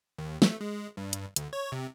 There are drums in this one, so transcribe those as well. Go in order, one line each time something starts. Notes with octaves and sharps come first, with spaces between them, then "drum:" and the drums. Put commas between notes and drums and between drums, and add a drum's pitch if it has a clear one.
D#2
A3, drum: snare
G#3
G2
drum: hi-hat
D2, drum: hi-hat
C#5
C3